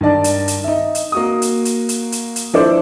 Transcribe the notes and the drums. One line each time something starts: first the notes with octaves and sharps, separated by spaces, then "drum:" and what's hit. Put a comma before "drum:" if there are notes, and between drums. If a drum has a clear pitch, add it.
G2 D#3 D5 A5
drum: hi-hat
drum: hi-hat
D#4 E5
drum: hi-hat
A#3 F#4 D#6
drum: hi-hat
drum: hi-hat
drum: hi-hat
drum: hi-hat
drum: hi-hat
F3 D4 E4 A4 C5 D6